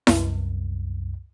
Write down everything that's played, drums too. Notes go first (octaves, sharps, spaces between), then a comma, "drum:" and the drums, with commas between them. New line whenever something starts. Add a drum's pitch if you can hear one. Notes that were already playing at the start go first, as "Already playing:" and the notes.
C2 F#2, drum: snare E4